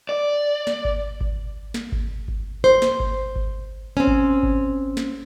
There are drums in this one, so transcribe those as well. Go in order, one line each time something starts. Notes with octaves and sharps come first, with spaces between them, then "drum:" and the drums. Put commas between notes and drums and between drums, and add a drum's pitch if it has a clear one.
D5
drum: snare
drum: kick G#1
drum: kick G#1
drum: snare
drum: kick G#1
drum: kick G#1
C5
drum: snare
drum: kick G#1
drum: kick G#1
C4 C#4
drum: kick G#1
drum: kick G#1
drum: snare